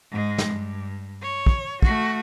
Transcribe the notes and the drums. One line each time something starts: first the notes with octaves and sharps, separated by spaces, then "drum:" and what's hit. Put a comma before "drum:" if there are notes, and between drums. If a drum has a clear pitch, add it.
G#2 G#3
drum: snare
G2
C#5
drum: kick
A3 F#4, drum: kick